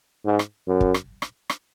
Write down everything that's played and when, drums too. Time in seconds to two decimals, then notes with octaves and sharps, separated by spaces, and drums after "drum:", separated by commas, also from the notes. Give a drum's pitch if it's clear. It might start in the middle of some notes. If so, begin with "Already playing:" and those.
0.25 G#2
0.39 drum: rim click
0.67 F#2
0.81 drum: kick
0.94 drum: rim click
1.22 drum: rim click
1.50 drum: rim click